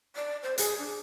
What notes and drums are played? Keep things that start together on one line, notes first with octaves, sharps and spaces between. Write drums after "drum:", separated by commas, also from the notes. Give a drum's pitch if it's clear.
D5
C5
G#4, drum: hi-hat
D4